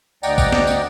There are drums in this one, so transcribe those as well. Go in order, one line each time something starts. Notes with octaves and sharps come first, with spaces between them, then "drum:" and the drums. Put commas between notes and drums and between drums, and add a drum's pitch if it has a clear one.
D2 D5 D#5 F#5 G5 A#5, drum: tambourine
drum: kick A1, tambourine
drum: snare
drum: tambourine